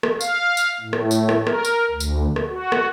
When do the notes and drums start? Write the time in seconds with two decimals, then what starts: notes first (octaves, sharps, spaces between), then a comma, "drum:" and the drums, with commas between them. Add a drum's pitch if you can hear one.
0.03 drum: rim click
0.21 F5, drum: tambourine
0.57 drum: tambourine
0.81 A2
0.93 drum: rim click
1.11 drum: tambourine
1.29 drum: rim click
1.47 A#4, drum: rim click
1.65 drum: tambourine
1.91 D2
2.00 drum: tambourine
2.36 drum: rim click
2.49 F#4
2.72 drum: rim click